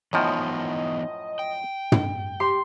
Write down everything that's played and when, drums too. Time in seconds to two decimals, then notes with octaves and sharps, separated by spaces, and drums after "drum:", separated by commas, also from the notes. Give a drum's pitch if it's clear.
0.13 F#2 A2 E3 F3 B3 D#4 D#5
1.39 G5
1.92 drum: tom
2.40 G4 C6